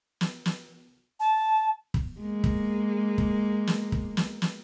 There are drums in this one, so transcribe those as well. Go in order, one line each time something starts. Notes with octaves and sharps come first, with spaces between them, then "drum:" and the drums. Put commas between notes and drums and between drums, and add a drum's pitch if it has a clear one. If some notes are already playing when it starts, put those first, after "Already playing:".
drum: snare
drum: snare
A5
drum: kick
G#3 A#3
drum: kick
drum: kick
drum: snare
drum: kick
drum: snare
drum: snare